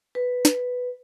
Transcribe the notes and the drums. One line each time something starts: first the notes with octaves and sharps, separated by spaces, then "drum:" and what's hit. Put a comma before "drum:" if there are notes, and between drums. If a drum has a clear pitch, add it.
B4
drum: snare